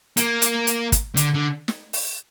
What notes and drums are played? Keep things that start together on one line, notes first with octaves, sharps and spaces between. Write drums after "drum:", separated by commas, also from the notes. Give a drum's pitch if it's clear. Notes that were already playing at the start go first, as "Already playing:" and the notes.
A#3, drum: hi-hat
drum: hi-hat
drum: hi-hat
drum: kick, hi-hat
D3, drum: hi-hat
D3
drum: snare
drum: open hi-hat